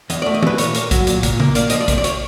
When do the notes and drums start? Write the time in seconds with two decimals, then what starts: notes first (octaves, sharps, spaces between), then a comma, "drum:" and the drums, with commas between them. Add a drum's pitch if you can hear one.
0.10 E2 D#5, drum: hi-hat
0.22 A3 D5
0.34 D#5
0.43 E3 B4, drum: tom
0.58 A#2 C#5, drum: hi-hat
0.75 A#3, drum: hi-hat
0.91 F#3, drum: kick, hi-hat
1.07 A#2, drum: hi-hat
1.23 A#2, drum: kick, hi-hat
1.40 A#3, drum: tom C#3
1.55 A#3 D5, drum: hi-hat
1.70 F3 D#5, drum: hi-hat
1.81 D5
1.88 C3, drum: kick, hi-hat
1.98 D5
2.04 C#5, drum: hi-hat